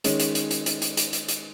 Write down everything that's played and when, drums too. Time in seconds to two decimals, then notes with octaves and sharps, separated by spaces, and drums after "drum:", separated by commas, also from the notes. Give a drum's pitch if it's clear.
0.04 D#3 G#3 C#4, drum: hi-hat
0.19 drum: hi-hat
0.35 drum: hi-hat
0.51 drum: hi-hat
0.66 drum: hi-hat
0.82 drum: hi-hat
0.97 drum: hi-hat
1.13 drum: hi-hat
1.28 drum: hi-hat